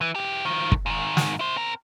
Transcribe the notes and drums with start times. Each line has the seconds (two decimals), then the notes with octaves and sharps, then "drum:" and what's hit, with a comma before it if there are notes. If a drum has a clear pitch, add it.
0.01 E3
0.16 E3 G4
0.45 D#3 F3
0.72 drum: kick
0.86 G#2 D#3
1.17 drum: snare
1.39 E4 C5
1.57 C4 A#4